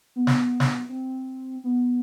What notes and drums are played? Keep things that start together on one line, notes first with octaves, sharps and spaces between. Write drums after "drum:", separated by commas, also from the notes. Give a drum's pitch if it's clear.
B3
drum: snare
drum: snare
C4
B3